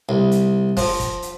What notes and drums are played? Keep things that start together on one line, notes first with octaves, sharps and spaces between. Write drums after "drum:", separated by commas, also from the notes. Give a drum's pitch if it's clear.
C2
drum: hi-hat
F3, drum: kick, open hi-hat
drum: kick, hi-hat
drum: hi-hat